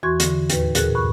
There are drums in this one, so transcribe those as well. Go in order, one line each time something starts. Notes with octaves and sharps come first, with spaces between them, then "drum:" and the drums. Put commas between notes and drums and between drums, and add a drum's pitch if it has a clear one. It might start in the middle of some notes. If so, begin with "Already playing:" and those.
E2 E3 F#4 C6 C#6 G#6
D3, drum: hi-hat
D#2 A2 B4, drum: hi-hat
A#2 G#4 A#4 F#6, drum: hi-hat
G2 C#6 F#6